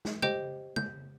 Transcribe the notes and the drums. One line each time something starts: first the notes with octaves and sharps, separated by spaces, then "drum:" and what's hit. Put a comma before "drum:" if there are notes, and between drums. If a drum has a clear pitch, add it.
drum: snare
G4 C5 D#5 G5 G6, drum: tom
G6, drum: tom